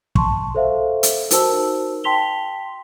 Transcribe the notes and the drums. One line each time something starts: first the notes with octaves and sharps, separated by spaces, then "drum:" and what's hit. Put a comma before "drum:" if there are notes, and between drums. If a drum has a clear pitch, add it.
A5 C6 C#6, drum: kick
A4 C5 E5 F5
drum: hi-hat
D#4 F#4 A#4 C5 A5 E6, drum: hi-hat
G5 A5 C6 B6 F7 G7